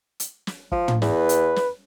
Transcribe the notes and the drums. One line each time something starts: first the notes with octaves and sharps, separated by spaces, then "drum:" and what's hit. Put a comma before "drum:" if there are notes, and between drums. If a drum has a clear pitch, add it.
drum: hi-hat
drum: snare
F3, drum: kick
drum: tom
E2 B4, drum: snare
drum: hi-hat
drum: snare